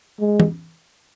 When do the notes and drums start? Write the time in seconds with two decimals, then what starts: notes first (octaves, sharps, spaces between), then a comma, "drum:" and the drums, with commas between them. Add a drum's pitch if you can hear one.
0.20 G#3
0.40 drum: tom